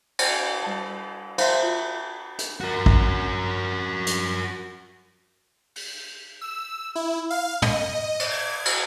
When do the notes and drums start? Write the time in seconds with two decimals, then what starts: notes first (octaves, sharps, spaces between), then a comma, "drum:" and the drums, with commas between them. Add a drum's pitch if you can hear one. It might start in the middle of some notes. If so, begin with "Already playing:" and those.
0.19 drum: cymbal
0.62 G3 A5
1.38 C5 E5 F5 C6, drum: cymbal
1.63 F4
2.38 drum: hi-hat
2.61 F#4 A#4
2.86 drum: kick
4.07 drum: hi-hat
5.76 drum: open hi-hat
6.41 E6
6.95 E4
7.30 F5
7.62 D#5, drum: tom
8.20 drum: cymbal
8.31 G#6
8.65 drum: cymbal